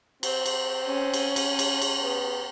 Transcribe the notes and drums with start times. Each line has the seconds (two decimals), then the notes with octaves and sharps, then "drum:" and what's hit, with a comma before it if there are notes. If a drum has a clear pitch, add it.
0.23 C4, drum: cymbal
0.46 drum: cymbal
0.85 C#4
1.14 drum: cymbal
1.36 drum: cymbal
1.59 drum: cymbal
1.81 drum: cymbal
2.01 B3